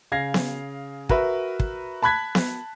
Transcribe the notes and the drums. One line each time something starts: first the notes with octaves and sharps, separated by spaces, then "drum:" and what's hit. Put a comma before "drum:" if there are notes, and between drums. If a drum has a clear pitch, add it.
C#3 F5 G#6 A#6 C7
drum: snare B3
F#4 A#4 B4 E5, drum: kick
drum: kick
A5 B5 F#6 G#6 B6
drum: snare B3